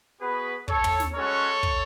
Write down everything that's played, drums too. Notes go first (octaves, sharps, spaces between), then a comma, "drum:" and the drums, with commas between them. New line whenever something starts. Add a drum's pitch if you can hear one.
B3 F#4 G#4 B4
A4 C#5, drum: kick
drum: tom
drum: snare
G#3 C#4 F#4 A4 C#5
drum: kick